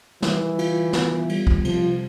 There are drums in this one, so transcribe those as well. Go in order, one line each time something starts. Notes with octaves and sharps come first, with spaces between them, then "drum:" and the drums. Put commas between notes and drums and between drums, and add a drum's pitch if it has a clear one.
E3 G3, drum: snare
F4, drum: cymbal
B3, drum: snare
G3, drum: cymbal
drum: kick
C3 F3, drum: cymbal